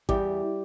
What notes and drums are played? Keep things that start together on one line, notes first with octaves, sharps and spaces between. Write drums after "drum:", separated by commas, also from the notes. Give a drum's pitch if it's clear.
E2 G3 G4, drum: kick A1